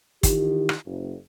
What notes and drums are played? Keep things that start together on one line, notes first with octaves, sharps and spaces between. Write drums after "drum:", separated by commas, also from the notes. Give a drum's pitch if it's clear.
D#3 E3 E4 F4 G4, drum: kick, hi-hat
drum: rim click
F#1